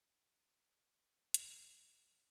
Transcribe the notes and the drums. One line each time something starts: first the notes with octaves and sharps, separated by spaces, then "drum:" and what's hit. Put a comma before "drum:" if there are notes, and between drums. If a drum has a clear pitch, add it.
E5
D5
C#5
G4, drum: hi-hat
A4